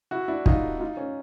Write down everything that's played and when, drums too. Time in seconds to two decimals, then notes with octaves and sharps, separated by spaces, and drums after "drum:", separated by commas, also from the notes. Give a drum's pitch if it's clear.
0.11 E4 F#4
0.28 D4 E4
0.46 D#4 F4, drum: kick
0.80 D#4 F4
0.97 C#4